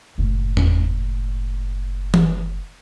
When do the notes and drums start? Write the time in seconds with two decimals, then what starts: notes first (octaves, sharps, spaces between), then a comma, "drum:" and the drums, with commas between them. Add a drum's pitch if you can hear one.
0.18 F#1 A2
0.57 drum: tom E2
2.14 drum: tom E3